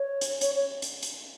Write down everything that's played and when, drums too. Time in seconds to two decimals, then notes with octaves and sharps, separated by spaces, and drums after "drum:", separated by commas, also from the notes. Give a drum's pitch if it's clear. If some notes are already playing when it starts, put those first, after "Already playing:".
Already playing: C#5
0.21 drum: hi-hat
0.41 C#5, drum: hi-hat
0.55 C#5
0.82 drum: hi-hat
1.03 drum: hi-hat